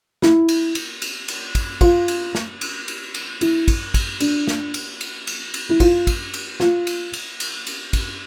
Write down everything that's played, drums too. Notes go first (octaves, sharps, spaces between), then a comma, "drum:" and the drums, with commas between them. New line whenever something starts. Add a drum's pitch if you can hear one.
E4, drum: snare
drum: cymbal
drum: cymbal
drum: cymbal
drum: cymbal
drum: kick, cymbal
F4, drum: kick, cymbal
drum: cymbal
drum: snare
drum: cymbal
drum: cymbal
drum: cymbal
E4, drum: cymbal
drum: kick, cymbal
drum: kick, cymbal
D4, drum: cymbal
drum: snare
drum: cymbal
drum: cymbal
drum: cymbal
drum: cymbal
E4
F4, drum: kick, cymbal
drum: kick, cymbal
drum: cymbal
F4, drum: snare
drum: cymbal
drum: cymbal
drum: cymbal
drum: cymbal
drum: kick, cymbal